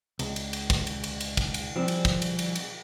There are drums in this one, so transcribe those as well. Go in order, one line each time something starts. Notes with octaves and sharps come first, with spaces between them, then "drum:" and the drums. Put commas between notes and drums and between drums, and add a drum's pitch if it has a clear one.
C#2, drum: cymbal
drum: cymbal
drum: cymbal
drum: kick, cymbal
drum: cymbal
drum: cymbal
drum: cymbal
drum: kick, cymbal
drum: cymbal
F3 G3 C4
drum: cymbal
drum: kick, cymbal
drum: cymbal
drum: cymbal
drum: cymbal